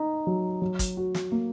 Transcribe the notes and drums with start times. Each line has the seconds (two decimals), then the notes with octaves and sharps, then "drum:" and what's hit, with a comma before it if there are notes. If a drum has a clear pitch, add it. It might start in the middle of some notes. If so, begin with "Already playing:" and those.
Already playing: D#4
0.27 F#3
0.62 F#3
0.79 drum: kick, hi-hat
0.97 F#4
1.15 drum: snare
1.32 A#3